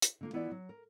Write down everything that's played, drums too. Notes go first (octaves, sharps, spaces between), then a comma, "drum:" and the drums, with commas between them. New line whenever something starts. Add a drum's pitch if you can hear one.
drum: hi-hat
D3 A#3 F4
E3 B3 E4 F4 B4 D5
F#3
A#4